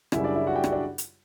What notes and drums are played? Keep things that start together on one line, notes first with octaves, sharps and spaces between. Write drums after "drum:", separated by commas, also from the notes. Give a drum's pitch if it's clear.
F#2 C#3 G3 E4 E5, drum: rim click
D4 D5
E4 E5
F#4 F#5
G4 G5
F#4 F#5, drum: rim click
D4 D5
drum: hi-hat